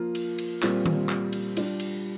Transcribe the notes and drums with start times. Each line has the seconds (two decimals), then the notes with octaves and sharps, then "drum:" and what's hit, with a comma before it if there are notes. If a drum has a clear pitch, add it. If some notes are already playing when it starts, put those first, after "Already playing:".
Already playing: F3 A#3 F4
0.15 drum: cymbal
0.38 drum: cymbal
0.62 A#2 G3 C4 F4, drum: clap
0.86 drum: tom D#3
1.09 drum: clap
1.33 drum: cymbal
1.57 G3 D4 F4, drum: cymbal
1.80 drum: cymbal